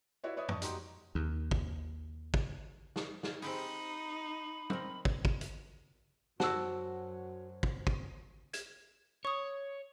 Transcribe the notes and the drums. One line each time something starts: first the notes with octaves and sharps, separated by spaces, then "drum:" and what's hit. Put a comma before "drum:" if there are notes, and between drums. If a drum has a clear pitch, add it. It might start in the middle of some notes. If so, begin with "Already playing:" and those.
E4 F#4 B4 C#5 D5 E5
B4 C#5 D5 E5 D#6
A5 C#6 D#6, drum: tom F2
D#4 F#4 G4 A#5 C6, drum: hi-hat
D#2
drum: kick
drum: kick
drum: snare
drum: snare
C4 D#4 G4 G#4 B5, drum: open hi-hat
C4 A#4, drum: tom
drum: kick
drum: kick
drum: hi-hat
F#2 F#3 F#4 C5 A5 E6, drum: snare
drum: kick
drum: kick
G#6 E7, drum: hi-hat
C#5 C#6 D#6